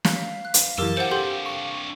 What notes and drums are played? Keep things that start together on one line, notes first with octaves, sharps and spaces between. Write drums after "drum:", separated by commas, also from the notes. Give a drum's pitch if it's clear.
F5 B6, drum: snare
F#6
drum: hi-hat
F#2 E3 G4 A#4 A5 E6
C4 D4 C5 F#5 C#7
G4 A4 C6 G6
C#6